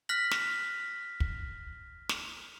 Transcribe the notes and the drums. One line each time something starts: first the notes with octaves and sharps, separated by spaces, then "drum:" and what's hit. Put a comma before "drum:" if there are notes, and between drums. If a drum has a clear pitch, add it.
F6 F#6 A#6 B6 F#7
drum: snare
drum: kick
drum: snare